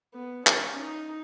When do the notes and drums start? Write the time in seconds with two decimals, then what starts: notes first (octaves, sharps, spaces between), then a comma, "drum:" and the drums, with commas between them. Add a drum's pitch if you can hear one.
0.14 B3
0.47 C#4, drum: clap
0.79 D#4